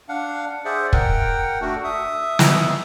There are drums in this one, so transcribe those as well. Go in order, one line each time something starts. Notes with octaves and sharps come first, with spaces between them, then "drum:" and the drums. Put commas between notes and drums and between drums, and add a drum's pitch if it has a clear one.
D4 F5 F#5
G#4 C5 D5 E5 F#5
A#4 F#5 G5, drum: kick
A3 D4 F#4
E5 D#6
drum: snare